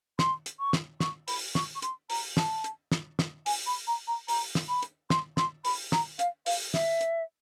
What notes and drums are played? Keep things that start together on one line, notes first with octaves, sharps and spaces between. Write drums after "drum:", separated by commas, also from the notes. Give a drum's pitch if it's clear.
C6, drum: snare
drum: hi-hat
C#6
drum: snare
C#6, drum: snare
B5, drum: open hi-hat
C#6, drum: snare
C#6
C6, drum: hi-hat
A#5, drum: open hi-hat
A5, drum: snare
drum: hi-hat
drum: snare
drum: snare
G#5, drum: open hi-hat
B5
A#5
A#5
A#5, drum: open hi-hat
drum: snare
B5
drum: hi-hat
C6, drum: snare
C6, drum: snare
B5, drum: open hi-hat
A#5, drum: snare
F5, drum: hi-hat
F5, drum: open hi-hat
E5, drum: snare
drum: hi-hat